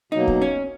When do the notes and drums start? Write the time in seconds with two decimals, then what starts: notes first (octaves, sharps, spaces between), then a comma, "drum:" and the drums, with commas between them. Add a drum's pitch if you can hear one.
0.12 B2 F#3 A#3 D#4
0.28 drum: kick
0.42 C#4